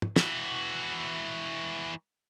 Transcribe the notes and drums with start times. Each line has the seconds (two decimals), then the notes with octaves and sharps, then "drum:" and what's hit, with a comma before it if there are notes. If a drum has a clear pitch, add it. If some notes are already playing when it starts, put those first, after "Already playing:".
0.02 drum: tom
0.16 E3 F#4, drum: snare